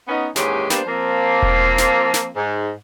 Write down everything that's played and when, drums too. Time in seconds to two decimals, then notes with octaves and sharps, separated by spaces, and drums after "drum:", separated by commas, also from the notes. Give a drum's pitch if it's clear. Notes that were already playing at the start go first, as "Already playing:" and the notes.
0.08 B3 C#4 D#4
0.36 D#2 G#2 E3 G#3 C#4 G4, drum: snare
0.70 G3 A#3 B3 D4 C5, drum: snare
0.86 F3 A#3 C4
1.42 drum: kick E1
1.78 drum: snare
2.14 drum: snare
2.36 G#2